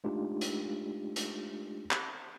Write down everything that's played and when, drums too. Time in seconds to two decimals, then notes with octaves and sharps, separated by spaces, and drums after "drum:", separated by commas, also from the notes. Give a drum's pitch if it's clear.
0.04 G#3 A3 D4 D#4 F4 G4
0.41 drum: hi-hat
1.16 drum: hi-hat
1.91 drum: clap